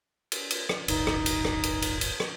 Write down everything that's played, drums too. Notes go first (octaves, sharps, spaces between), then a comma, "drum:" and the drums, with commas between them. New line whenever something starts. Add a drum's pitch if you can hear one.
drum: cymbal
drum: cymbal
drum: rim click
D1 G1 D#4, drum: cymbal
drum: rim click
drum: cymbal
drum: rim click
drum: cymbal
drum: cymbal
drum: cymbal
drum: rim click